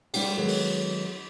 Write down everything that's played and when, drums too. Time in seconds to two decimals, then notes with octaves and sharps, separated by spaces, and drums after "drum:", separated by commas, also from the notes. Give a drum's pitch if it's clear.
0.14 G3 C5 F#5 G5, drum: cymbal
0.37 D#3 F#3 G#3 B3 A4 B4
0.48 drum: open hi-hat